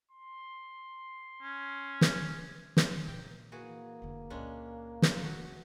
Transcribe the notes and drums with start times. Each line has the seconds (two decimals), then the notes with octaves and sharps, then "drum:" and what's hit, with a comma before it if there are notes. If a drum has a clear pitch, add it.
0.11 C6
1.42 C#4
2.01 drum: snare
2.77 drum: snare
3.08 A#2 G5
3.52 E3 A#3 F#4 G#4
4.02 F1 D3
4.30 C#2 A#2 G#3 C#4 D4
5.02 drum: snare
5.20 A3 F#4